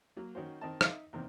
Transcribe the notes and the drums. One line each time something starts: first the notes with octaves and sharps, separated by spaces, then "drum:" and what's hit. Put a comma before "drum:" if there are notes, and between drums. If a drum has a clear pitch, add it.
F#3 A#3
D#3 C#4 F#4 C5
D#3 C4 D#5 A5
D#4 E5, drum: rim click
E2 C3 D#3 A#3 C4